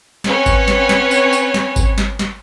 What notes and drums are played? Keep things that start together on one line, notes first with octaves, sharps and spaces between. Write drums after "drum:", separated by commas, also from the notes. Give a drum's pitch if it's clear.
C4 C#4 B4 C#5 F#5 G#5, drum: snare
drum: kick G#1, tambourine
drum: snare
drum: snare
drum: tambourine
drum: tambourine
drum: snare
drum: kick G#1, tambourine
drum: snare
drum: snare